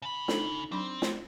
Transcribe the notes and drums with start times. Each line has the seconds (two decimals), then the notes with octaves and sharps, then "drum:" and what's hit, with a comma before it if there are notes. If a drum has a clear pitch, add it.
0.02 C#3 B5
0.28 D4 D#4 A4, drum: snare
0.72 F#3 C4 D4 B5
1.02 drum: snare